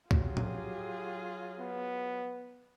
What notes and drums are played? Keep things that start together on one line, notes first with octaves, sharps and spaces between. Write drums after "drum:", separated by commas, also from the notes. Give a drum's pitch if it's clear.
F#3 F4 G4 G#4, drum: kick
drum: tom
B3